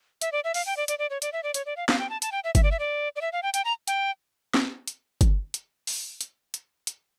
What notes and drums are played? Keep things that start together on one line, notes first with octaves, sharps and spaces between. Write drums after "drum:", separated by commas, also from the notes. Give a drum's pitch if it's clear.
E5, drum: hi-hat
D5
E5
F5, drum: open hi-hat
G5
D5
D5, drum: hi-hat
D5
C#5
D5, drum: hi-hat
E5
D5
C#5, drum: hi-hat
D5
F5
F5, drum: snare
G5
A5
A5, drum: hi-hat
G5
E5
E5, drum: kick G1, hi-hat
D5
E5
D5
D5
E5
F5
G5
G5, drum: hi-hat
A#5
G5, drum: hi-hat
drum: snare
drum: hi-hat
drum: kick G1, hi-hat
drum: hi-hat
drum: open hi-hat
drum: hi-hat
drum: hi-hat
drum: hi-hat